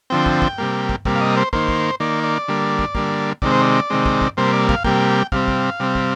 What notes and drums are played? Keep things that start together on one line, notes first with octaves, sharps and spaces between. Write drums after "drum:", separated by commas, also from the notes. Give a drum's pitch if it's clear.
D3 F3 C4 G5
drum: kick
drum: kick
C3 G3 A#3
drum: kick
C3 G3 A#3, drum: kick
F5
D#5
C5
D#3 A#3 C5, drum: kick
drum: kick
D#3 A#3 D5
D5
D3 G3 A#3
drum: kick
D3 G3 A#3, drum: kick
C3 D#3 G#3 C4 D5, drum: kick
C5
D5
C3 D#3 G#3 C4
drum: kick
drum: kick
C3 G3 A#3 C5
D5
F5, drum: kick
C3 G3 A#3 G5, drum: kick
C3 G3 C4 F5, drum: kick
drum: kick
C3 G3 C4
drum: kick